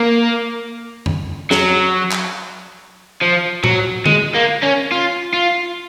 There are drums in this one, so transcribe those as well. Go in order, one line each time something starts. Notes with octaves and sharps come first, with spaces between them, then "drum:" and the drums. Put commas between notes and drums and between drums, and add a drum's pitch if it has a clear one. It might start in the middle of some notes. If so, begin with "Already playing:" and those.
Already playing: A#3
drum: tom F2
F#3, drum: snare
drum: clap
F3
F#3, drum: tom A2
G#3, drum: tom
A#3
C#4
F4
F4